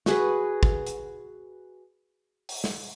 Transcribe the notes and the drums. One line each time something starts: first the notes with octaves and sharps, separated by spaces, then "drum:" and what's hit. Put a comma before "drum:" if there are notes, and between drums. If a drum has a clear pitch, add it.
F#4 G#4 B4, drum: snare
drum: kick
drum: hi-hat
drum: open hi-hat
drum: snare